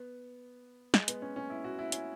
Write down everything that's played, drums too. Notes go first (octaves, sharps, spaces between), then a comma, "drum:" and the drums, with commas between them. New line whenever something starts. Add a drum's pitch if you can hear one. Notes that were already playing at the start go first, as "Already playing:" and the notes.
Already playing: B3
G#3, drum: snare
B3, drum: hi-hat
C#4
C#4
E4
F#4
E4
C#4, drum: hi-hat